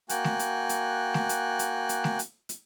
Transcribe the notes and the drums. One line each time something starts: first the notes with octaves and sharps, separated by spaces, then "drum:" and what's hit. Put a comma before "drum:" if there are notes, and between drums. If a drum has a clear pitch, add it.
A#3 F#4 G5 G#5 F#6, drum: hi-hat
drum: snare A3
drum: hi-hat
drum: hi-hat
drum: snare A3
drum: hi-hat
drum: hi-hat
drum: hi-hat
drum: snare A3
drum: hi-hat
drum: hi-hat